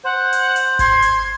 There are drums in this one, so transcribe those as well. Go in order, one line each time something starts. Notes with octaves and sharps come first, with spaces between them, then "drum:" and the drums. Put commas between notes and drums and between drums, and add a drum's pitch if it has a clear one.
C5 F#5
drum: hi-hat
drum: hi-hat
C6 G#6, drum: kick G#1, hi-hat
drum: hi-hat